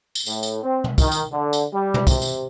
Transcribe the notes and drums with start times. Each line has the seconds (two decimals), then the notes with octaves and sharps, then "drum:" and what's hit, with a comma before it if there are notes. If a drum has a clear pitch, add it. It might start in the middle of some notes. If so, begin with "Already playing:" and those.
0.15 drum: tambourine
0.26 A2, drum: tambourine
0.43 drum: tambourine
0.63 C4
0.84 drum: tom
0.98 D#3, drum: kick, tambourine
1.12 drum: tambourine
1.31 D3
1.53 drum: tambourine
1.72 G3
1.94 drum: tom
2.07 C3, drum: kick, tambourine
2.22 drum: tambourine